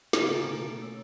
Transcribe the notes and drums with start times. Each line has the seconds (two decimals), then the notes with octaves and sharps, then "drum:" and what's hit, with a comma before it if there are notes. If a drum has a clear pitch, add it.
0.13 C#3, drum: snare
0.29 A2 D3 A3 A#5 A6 D7
0.53 B2 A3 A#3
0.82 C#5 E6